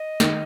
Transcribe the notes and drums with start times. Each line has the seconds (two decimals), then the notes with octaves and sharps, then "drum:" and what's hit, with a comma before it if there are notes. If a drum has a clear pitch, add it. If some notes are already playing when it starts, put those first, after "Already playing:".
Already playing: D#5
0.20 D#3, drum: snare